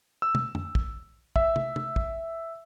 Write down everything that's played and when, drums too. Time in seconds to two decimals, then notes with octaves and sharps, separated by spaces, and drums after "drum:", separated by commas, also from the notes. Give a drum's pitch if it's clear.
0.22 E6
0.35 drum: tom
0.55 drum: tom
0.75 drum: kick
1.36 E5, drum: kick
1.56 drum: tom
1.76 drum: tom
1.96 drum: kick